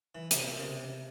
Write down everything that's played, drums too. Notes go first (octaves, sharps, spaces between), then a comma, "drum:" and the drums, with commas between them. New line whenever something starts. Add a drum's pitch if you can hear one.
E3
C3, drum: hi-hat
A#2
C#3
C3